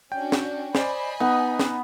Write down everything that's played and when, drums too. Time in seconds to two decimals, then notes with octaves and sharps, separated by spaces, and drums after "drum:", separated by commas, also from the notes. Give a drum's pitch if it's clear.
0.12 C#4 D4 F#4 G5
0.32 drum: snare
0.75 C5 D5 D#5 G#5 B5, drum: snare
1.20 B3 D#4
1.59 drum: snare